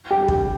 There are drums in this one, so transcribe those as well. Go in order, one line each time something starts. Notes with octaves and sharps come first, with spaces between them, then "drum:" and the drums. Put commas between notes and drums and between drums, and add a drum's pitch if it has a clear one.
G4
G4, drum: kick